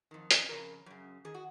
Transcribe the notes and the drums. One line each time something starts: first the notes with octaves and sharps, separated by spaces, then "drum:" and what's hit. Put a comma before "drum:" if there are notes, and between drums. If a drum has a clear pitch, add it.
F2 D#3
drum: hi-hat
F2 C#3 A#4
F#2 C#3
D#3 G#4
F#4